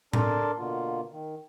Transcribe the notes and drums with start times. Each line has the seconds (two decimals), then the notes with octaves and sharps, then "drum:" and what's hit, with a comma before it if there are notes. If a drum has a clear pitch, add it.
0.13 D4 A4 A#4 D5 A5 C6, drum: tom A2
0.58 B2 D3 A#3 F4
1.12 D#3